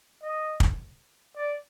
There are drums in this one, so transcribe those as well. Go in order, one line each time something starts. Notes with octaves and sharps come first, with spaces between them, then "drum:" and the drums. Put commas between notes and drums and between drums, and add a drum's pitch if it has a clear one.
D#5
drum: kick
D5